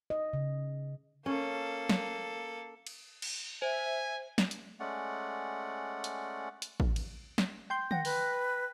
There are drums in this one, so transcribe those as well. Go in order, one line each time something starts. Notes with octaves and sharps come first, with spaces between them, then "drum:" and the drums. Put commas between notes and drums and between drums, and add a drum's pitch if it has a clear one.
D#5
C#3
A#3 C#4 A4
drum: snare
drum: cymbal
drum: cymbal
C5 E5 G#5
drum: snare
drum: hi-hat
G#3 A3 C#4 D5 F#5
drum: hi-hat
drum: hi-hat
drum: kick A1
drum: cymbal
drum: snare
G5 C6 G6
F#5 G5 A#6, drum: tom
B4, drum: open hi-hat